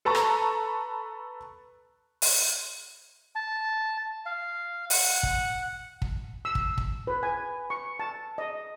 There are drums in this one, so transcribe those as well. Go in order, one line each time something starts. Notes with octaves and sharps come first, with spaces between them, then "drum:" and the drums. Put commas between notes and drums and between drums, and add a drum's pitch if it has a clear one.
A4 B4 A5 A#5 C#6
drum: rim click
drum: open hi-hat
A5
F5
F#5, drum: open hi-hat
drum: kick
drum: kick
E6
drum: kick
drum: kick
B4
G#5
C#6
A5
D#5